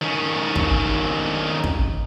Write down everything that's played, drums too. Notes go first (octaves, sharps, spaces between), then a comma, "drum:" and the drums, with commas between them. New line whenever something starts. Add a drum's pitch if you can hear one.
D#3 C#4
drum: kick
drum: kick